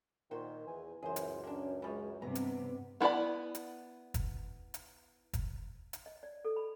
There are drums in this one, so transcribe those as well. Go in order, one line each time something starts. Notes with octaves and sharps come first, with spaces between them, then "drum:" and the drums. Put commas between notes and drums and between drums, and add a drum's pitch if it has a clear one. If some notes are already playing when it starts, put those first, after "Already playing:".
A#2 D#3 F#4 C5
E2 G#5
C#2 F#2 E3 G#4 C5
drum: hi-hat
A#3 C#4 D4
E3 F3 G#3 C#5
G2 C3 B3 A#5
drum: hi-hat
B3 E4 A4 D5 B5
drum: hi-hat
drum: kick, hi-hat
drum: hi-hat
drum: kick, hi-hat
drum: hi-hat
D#5
D5
A4
B5